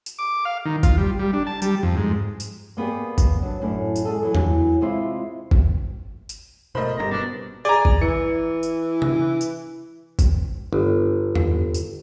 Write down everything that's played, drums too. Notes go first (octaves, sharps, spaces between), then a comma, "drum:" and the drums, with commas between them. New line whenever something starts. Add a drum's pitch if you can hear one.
drum: tambourine
D6
F5
D#3
F4, drum: kick, tambourine
G3
G3
D4
A5
G3, drum: tambourine
F2
G#2
drum: tambourine
A#3 B3 G4 G#4 D5
drum: kick, tambourine
F#3 D4
F#2 A2 D4
drum: tambourine
G#3 G#4 A4
E3 F#3
drum: tom E2
C3 G#3 E4 F4
drum: kick
drum: tambourine
B2 A3 A#4 C5 D#5 B5
G1 C#3 G3 A#5
B2 D4
G#4 D5 A#5
drum: kick
E3 C#7
drum: tambourine
drum: tom C3
drum: tambourine
drum: kick, tambourine
G1
drum: tom E2
drum: tambourine